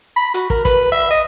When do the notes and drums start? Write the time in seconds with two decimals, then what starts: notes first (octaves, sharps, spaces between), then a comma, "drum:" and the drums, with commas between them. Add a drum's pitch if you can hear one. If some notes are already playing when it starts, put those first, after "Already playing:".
0.16 B5
0.34 F#4, drum: hi-hat
0.50 A#4, drum: kick
0.65 B4, drum: kick, hi-hat
0.92 E5
1.11 D#5